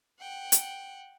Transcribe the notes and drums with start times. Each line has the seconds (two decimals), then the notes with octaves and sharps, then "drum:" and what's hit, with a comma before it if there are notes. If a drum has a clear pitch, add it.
0.20 F#5 G5
0.52 drum: hi-hat